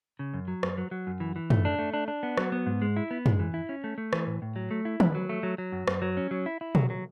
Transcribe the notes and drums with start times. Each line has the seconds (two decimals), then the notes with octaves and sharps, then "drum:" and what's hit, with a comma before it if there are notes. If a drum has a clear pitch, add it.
0.19 C#3
0.34 F#2
0.48 F#3
0.63 F#2, drum: rim click
0.78 F#3
0.91 F#3
1.07 F#2
1.20 E3
1.36 E3
1.50 A3, drum: tom
1.65 D4
1.79 A3
1.94 D4
2.08 D4
2.23 B3
2.37 F#3, drum: rim click
2.52 B3
2.66 G#2
2.82 G#3
2.97 E4
3.11 B3
3.26 G#3, drum: tom
3.39 E3
3.54 E4
3.69 C#4
3.84 A3
3.98 A3
4.13 E3, drum: rim click
4.27 A2
4.42 A2
4.56 F#3
4.71 A3
4.85 E4
5.00 B4, drum: tom
5.15 F#3
5.29 A3
5.43 F#3
5.58 F#3
5.72 F#2
5.87 F#2, drum: rim click
6.02 F#3
6.17 C#4
6.31 F#3
6.46 E4
6.61 E4
6.75 F#3, drum: tom
6.90 F#3